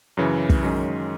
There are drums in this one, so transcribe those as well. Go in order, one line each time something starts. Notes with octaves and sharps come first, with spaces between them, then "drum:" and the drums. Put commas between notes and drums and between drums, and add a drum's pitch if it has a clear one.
F#2 C#3 E3
drum: kick
F#2 D#3 G#3 C#4